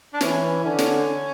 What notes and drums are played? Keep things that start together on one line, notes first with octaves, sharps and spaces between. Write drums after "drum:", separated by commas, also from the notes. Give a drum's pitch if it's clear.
D4
E3 C#4, drum: snare
D3 C#4
drum: snare